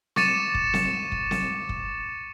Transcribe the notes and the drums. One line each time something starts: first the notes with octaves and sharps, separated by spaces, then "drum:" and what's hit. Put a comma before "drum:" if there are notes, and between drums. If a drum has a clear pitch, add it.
C#6 D6 A6 C#7 D#7 E7, drum: snare C4
drum: kick
drum: snare C4
drum: kick
drum: snare C4
drum: kick